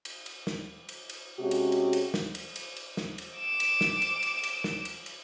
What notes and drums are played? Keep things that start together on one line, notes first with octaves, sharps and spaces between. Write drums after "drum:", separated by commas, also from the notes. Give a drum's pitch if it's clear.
drum: cymbal
drum: cymbal
drum: snare
drum: cymbal
drum: cymbal
C3 G#3 C#4 F#4 G4
drum: cymbal
drum: cymbal
drum: cymbal
drum: snare
drum: cymbal
drum: cymbal
drum: cymbal
drum: snare
drum: cymbal
D6 E7
drum: cymbal
drum: snare
drum: cymbal
drum: cymbal
drum: cymbal
drum: snare
drum: cymbal
drum: cymbal